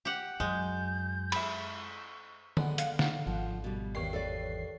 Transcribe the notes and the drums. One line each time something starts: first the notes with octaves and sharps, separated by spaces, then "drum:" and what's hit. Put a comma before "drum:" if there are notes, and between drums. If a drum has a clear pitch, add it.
G4 F#5
F#2 G#3 G6
E5 B5, drum: cymbal
D3 G#3 B3, drum: tom D3
F5 F#5, drum: hi-hat
drum: snare
G#1 F3
B2 G3
E2 G2 D#3 C#5 C7
A4 B4 D5